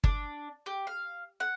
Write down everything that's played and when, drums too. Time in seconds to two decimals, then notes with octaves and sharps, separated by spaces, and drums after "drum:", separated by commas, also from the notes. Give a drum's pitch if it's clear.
0.04 D4, drum: kick G1
0.66 G4
0.87 F5
1.40 F#5